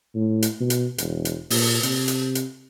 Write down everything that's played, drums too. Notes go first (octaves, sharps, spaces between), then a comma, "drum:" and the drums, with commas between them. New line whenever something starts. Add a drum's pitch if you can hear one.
A2
drum: hi-hat
B2
drum: hi-hat
E1, drum: hi-hat
drum: hi-hat
A#2, drum: open hi-hat
C3, drum: hi-hat
drum: hi-hat
drum: hi-hat